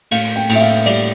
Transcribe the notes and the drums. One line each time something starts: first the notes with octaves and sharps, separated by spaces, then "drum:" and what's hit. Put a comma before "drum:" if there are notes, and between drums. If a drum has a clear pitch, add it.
A2 F5, drum: cymbal
G5
A2, drum: cymbal
E5
F5
G3 D5, drum: cymbal